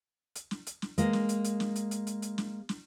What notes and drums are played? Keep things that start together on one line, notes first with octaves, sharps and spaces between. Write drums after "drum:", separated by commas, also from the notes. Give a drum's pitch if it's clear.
drum: hi-hat
drum: snare
drum: hi-hat
drum: snare
G#3 A#3, drum: hi-hat
drum: snare
drum: hi-hat
drum: hi-hat
drum: snare
drum: hi-hat
drum: hi-hat
drum: hi-hat
drum: hi-hat
drum: snare
drum: snare